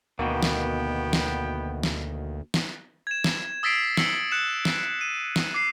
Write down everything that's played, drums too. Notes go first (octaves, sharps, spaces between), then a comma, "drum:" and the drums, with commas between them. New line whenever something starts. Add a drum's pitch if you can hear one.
D2 B2 D#3 A#3 B3 F#4 G5
drum: snare
drum: snare
drum: snare
drum: snare
G#6 E7
drum: snare
D#6 E6 A6 B6 C7 D7
E6 C#7 F#7, drum: snare
F#6 C#7 E7
drum: snare
D#7
drum: snare
D6 C7